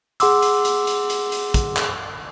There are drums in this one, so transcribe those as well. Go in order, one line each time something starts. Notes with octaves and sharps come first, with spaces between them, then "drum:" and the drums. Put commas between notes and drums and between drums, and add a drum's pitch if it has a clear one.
G#4 F#5 C6 D6 E6, drum: hi-hat
drum: hi-hat
drum: hi-hat
drum: hi-hat
drum: hi-hat
drum: hi-hat
drum: kick, hi-hat
drum: clap